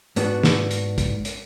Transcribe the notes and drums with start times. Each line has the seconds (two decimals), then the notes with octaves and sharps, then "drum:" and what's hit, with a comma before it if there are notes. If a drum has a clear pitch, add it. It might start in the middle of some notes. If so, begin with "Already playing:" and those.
0.16 G#2 B3 D4 F#4, drum: hi-hat
0.43 drum: snare
0.71 drum: hi-hat
0.98 drum: kick, hi-hat
1.25 drum: hi-hat